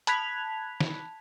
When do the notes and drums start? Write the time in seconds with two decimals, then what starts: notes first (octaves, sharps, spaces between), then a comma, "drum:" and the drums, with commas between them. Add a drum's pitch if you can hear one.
0.07 A5 B5 F#6 G#6 B6 F7, drum: hi-hat
0.80 drum: snare